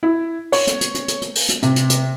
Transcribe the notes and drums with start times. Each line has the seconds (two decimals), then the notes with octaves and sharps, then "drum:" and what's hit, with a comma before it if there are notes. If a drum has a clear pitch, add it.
0.03 E4
0.52 C#5, drum: open hi-hat
0.67 drum: hi-hat
0.81 drum: hi-hat
0.95 drum: hi-hat
1.08 drum: hi-hat
1.22 drum: hi-hat
1.35 drum: open hi-hat
1.49 drum: hi-hat
1.62 C3, drum: hi-hat
1.76 drum: hi-hat
1.90 drum: hi-hat